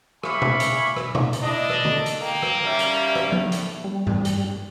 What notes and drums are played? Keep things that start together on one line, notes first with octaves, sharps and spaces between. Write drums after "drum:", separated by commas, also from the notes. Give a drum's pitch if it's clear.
E5 F5 G#5 B5 C#6 D6, drum: rim click
drum: tom B2
drum: hi-hat
drum: rim click
drum: tom B2
drum: hi-hat
D4 E4 D#5
drum: rim click
A4, drum: tom D3
drum: hi-hat
A#3 G5
drum: rim click
G3 C#4 E5
drum: hi-hat
drum: rim click
A2, drum: tom F3
drum: hi-hat
G3
drum: tom G2
drum: hi-hat